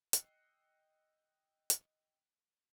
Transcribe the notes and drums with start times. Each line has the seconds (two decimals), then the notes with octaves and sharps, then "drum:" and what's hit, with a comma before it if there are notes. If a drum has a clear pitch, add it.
0.13 D#5 G5 E6 F#6 C7 C#7, drum: hi-hat
1.70 drum: hi-hat